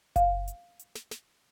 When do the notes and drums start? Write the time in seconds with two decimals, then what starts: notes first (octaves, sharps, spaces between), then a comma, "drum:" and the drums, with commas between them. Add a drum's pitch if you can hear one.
0.16 F5, drum: kick F#1, hi-hat
0.48 drum: hi-hat
0.79 drum: hi-hat
0.95 drum: snare
1.11 drum: snare